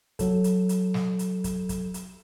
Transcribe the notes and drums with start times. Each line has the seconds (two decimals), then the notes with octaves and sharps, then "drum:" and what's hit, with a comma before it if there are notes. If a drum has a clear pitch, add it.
0.19 F#3 A4, drum: kick, hi-hat
0.44 drum: hi-hat
0.69 drum: hi-hat
0.94 drum: snare
1.19 drum: hi-hat
1.44 drum: kick, hi-hat
1.69 drum: kick, hi-hat
1.94 drum: hi-hat